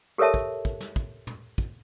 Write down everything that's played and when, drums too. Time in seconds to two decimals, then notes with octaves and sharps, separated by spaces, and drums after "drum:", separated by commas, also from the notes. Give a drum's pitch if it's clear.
0.18 G4 A4 A#4 C#5 E5 A5
0.34 drum: kick
0.65 drum: kick
0.80 drum: snare
0.96 drum: kick
1.27 drum: tom
1.58 drum: kick